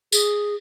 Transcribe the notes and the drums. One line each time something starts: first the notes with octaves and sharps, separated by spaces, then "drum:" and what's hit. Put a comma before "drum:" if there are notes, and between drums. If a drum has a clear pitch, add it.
G#4, drum: tambourine